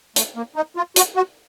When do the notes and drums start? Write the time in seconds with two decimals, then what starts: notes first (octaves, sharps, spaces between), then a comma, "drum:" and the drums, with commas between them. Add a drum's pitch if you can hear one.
0.16 A3, drum: hi-hat
0.36 A#3
0.56 D#4
0.76 F4
0.96 F#4, drum: hi-hat
1.16 F#4